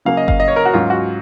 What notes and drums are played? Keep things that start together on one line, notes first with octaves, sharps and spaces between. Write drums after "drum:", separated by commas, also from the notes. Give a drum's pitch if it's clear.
C#3 F#3 A#3 C#4 F5
D#5
F5, drum: kick G1
D#5
C#5
A#4
F#4
G#2 F#3 C#4 F4
F#4